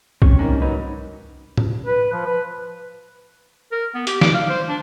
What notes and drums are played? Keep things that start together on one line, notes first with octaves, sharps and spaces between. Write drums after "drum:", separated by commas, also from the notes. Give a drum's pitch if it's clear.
C4 C#4 C#6, drum: kick
C2 G#2 A#3
F#3 D#4 B4
drum: tom A2
B4
F3
B4
A#4
B3
G4, drum: hi-hat
D6, drum: snare
F5
C5
D4